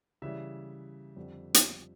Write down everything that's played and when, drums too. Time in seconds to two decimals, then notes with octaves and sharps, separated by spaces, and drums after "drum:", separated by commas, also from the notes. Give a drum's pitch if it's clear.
0.22 C#3 E3 G3 E5
1.16 F2 D3 G3
1.54 drum: hi-hat